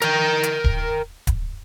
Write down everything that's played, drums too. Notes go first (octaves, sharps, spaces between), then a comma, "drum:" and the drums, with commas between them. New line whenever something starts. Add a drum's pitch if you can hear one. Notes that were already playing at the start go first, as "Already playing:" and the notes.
A#4 G5, drum: hi-hat
drum: hi-hat
drum: kick D1
drum: kick D1, hi-hat